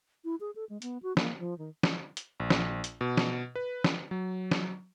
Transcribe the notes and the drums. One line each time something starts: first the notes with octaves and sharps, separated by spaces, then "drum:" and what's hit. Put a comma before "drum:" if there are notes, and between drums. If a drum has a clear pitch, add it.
E4
G#4
A4
G#3
B3, drum: hi-hat
F#4
A#3, drum: snare
F3
D#3
drum: snare
drum: hi-hat
A#1
drum: snare
drum: hi-hat
B2
drum: snare
B4
drum: snare
F#3
drum: snare